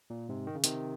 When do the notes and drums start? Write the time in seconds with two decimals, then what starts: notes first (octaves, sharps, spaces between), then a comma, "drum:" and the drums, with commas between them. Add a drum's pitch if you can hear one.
0.10 A#2
0.29 G#2 C3
0.47 D#3
0.55 C#3
0.64 C3 D#3, drum: hi-hat